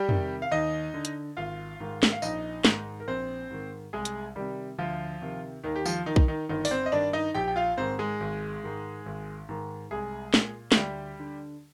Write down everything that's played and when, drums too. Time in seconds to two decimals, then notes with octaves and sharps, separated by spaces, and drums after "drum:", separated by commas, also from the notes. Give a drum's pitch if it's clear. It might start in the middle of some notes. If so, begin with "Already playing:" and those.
Already playing: G3 G4
0.09 C3 D#3, drum: tom
0.42 F5
0.51 D#2 D#4 D#5
0.94 D3
1.05 drum: hi-hat
1.37 G#1 F4 F5
1.80 G#2 D#3
2.03 drum: snare
2.12 F5
2.22 A#1 D#4 D#5, drum: tambourine
2.65 G#2 D#3, drum: snare
3.00 A#4
3.07 A#1 C4 C5
3.50 G#2 D#3
3.93 C2 G#3 G#4
4.05 drum: hi-hat
4.36 C3 D#3 G3 G4
4.78 D2 F3 F4
5.21 C3 D#3
5.64 D#2 D#3 D#4
5.76 G4
5.85 F3 F4, drum: tambourine
6.06 D#3 D#4
6.16 drum: kick B1
6.28 D#3 D#4
6.49 G1 D#3 D#4
6.65 D5, drum: open hi-hat
6.71 C4 C5
6.86 D#5
6.92 G2 D#3 D4 D5
7.13 D#4 D#5
7.35 A#1 G4 G5
7.48 G5
7.56 F4 F5
7.77 G#2 D#3 C4 C5
7.99 G#3 G#4
8.20 G#1
8.63 G#2 D#3
9.06 G#1
9.49 G#2 D#3
9.91 C2 G#3 G#4
10.34 A#2, drum: snare
10.72 F4, drum: snare
10.76 D2 G3 G4
11.20 D3